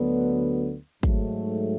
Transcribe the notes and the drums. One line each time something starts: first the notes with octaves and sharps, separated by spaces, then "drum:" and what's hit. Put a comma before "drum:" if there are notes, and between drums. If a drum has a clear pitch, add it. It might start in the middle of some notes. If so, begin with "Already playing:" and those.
Already playing: D2 D3 F#3 B3
G#2 F#3 A3, drum: kick